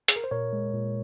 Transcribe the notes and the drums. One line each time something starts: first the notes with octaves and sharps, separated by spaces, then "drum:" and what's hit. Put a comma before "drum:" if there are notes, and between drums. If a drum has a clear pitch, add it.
G#4, drum: hi-hat
A#4
C5
A#2 A#4 C#5
G#3
A#2